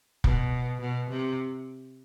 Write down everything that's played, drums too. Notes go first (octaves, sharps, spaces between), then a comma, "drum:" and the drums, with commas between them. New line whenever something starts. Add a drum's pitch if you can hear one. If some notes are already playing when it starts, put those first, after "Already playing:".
B2, drum: kick
B2
C3